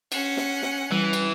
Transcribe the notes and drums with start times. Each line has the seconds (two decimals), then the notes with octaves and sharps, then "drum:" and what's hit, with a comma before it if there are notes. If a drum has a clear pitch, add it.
0.12 C#4 F#5, drum: cymbal
0.37 drum: snare
0.62 drum: snare
0.91 E3 G3
1.13 drum: cymbal